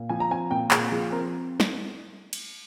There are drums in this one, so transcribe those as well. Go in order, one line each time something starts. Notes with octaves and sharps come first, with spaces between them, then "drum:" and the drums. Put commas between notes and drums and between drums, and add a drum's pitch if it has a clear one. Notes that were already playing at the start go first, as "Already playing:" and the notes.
Already playing: A#2
F3 G#5
A#5
C4 G#5
A#2 G5
A#2 G#4, drum: clap
F3 G#4
C4 A#4
drum: snare
drum: cymbal